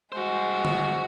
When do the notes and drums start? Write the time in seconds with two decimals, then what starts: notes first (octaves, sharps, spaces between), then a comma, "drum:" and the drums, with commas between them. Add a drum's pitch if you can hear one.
0.12 G2 G#3 F#4 C5
0.65 drum: tom